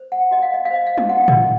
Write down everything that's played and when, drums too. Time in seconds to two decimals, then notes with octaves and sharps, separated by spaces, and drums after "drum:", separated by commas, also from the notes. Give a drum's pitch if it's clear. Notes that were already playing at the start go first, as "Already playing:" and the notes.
Already playing: C5
0.12 F#5
0.31 F#4 D#5
0.43 F5
0.54 D#5
0.65 F5
0.71 C5 D#5
0.87 F5
0.98 D#5, drum: tom G3
1.09 F#4 F#5
1.28 D#5, drum: tom A2